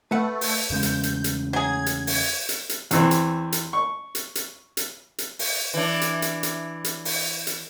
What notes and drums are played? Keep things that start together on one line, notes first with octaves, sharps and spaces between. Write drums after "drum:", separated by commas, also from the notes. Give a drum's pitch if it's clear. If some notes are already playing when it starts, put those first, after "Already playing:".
A3 B4 F#5
drum: open hi-hat
E2 C#3 G#3 G6
drum: hi-hat
drum: hi-hat
drum: hi-hat
F#3 G#4 G#6
drum: hi-hat
drum: open hi-hat
drum: hi-hat
drum: hi-hat
E2 E3 C4, drum: hi-hat
drum: hi-hat
drum: hi-hat
C#6
drum: hi-hat
drum: hi-hat
drum: hi-hat
drum: hi-hat
drum: open hi-hat
E3 D4
drum: hi-hat
drum: hi-hat
drum: hi-hat
drum: hi-hat
drum: open hi-hat
drum: hi-hat